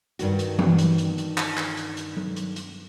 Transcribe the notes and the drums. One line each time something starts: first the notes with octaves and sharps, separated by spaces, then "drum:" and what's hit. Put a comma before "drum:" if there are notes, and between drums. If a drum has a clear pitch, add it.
G2 D#3 F#4, drum: hi-hat
drum: hi-hat
drum: tom E3
drum: hi-hat
drum: hi-hat
drum: hi-hat
drum: clap
drum: clap
drum: hi-hat
drum: hi-hat
drum: tom F#3
drum: hi-hat
drum: hi-hat